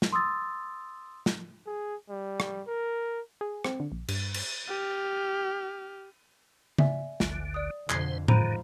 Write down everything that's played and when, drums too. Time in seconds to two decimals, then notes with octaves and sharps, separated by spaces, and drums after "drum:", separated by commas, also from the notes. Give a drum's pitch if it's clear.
0.02 drum: snare
0.12 C6 D#6 E6 A6
1.26 drum: snare
1.67 G#4
2.09 G3
2.40 drum: rim click
2.67 A#4
3.41 G#4
3.64 C4, drum: rim click
3.80 D3
3.92 A#1
4.08 G2, drum: cymbal
4.34 drum: cymbal
4.68 G4 F6
6.78 D5 E5 G#5, drum: tom C#3
7.20 G#1 D2 D3, drum: snare
7.54 D5 D#6
7.90 F2 B2 D3 C5 G#6 C7, drum: clap
8.28 G#2 D3 D#3 F3 C5 A#5 B5, drum: tom A2